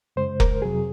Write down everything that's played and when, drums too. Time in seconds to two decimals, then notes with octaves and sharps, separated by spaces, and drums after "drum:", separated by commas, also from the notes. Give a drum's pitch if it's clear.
0.16 F#2 C#3 G#3 C5
0.40 A#4, drum: kick F1
0.62 F2 C3 F#3 G#4